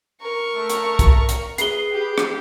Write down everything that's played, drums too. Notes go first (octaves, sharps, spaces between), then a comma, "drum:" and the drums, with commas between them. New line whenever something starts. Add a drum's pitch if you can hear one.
A#4 C#6
A3
drum: hi-hat
drum: kick, hi-hat
drum: hi-hat
G#4 B4 C7 G7, drum: hi-hat
G4
drum: rim click